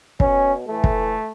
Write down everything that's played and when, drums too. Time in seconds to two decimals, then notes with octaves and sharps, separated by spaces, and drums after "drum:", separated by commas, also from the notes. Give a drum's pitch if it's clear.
0.20 B2 C#4, drum: kick
0.68 A2 E3 A3
0.84 drum: kick